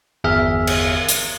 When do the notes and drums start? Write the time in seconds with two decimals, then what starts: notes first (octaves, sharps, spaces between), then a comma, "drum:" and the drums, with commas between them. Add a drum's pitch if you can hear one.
0.24 G1 E2 G#4 E5 F6
0.67 drum: cymbal
1.09 drum: hi-hat